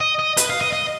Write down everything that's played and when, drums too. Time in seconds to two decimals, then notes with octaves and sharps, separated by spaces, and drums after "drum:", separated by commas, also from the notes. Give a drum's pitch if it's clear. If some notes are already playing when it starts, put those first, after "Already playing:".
0.01 D#5
0.19 D#5
0.37 B4, drum: hi-hat
0.50 F5
0.61 D#5
0.73 D#5